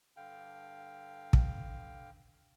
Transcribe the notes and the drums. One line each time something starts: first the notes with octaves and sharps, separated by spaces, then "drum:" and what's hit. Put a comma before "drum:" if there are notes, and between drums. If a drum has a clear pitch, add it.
G2 D3 F5 G5
drum: kick